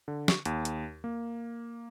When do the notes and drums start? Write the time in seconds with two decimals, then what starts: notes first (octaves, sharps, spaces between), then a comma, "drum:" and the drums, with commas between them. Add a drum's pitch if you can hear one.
0.08 D3
0.28 C#6, drum: snare
0.45 D#2, drum: hi-hat
0.65 drum: hi-hat
1.04 A#3